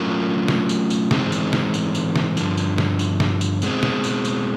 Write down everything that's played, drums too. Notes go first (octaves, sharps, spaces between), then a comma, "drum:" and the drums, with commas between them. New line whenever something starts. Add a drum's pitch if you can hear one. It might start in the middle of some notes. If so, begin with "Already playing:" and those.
Already playing: F#3 A3 C#4 F4 A#4
drum: snare
drum: tambourine
drum: tambourine
G#2 E3 G#3 C4 D#4, drum: snare
drum: tambourine
drum: snare
drum: tambourine
drum: tambourine
drum: snare
G2 D3 F3, drum: tambourine
drum: tambourine
drum: snare
drum: tambourine
drum: snare
drum: tambourine
B2 G#3 C4, drum: tambourine
drum: snare
drum: tambourine
drum: tambourine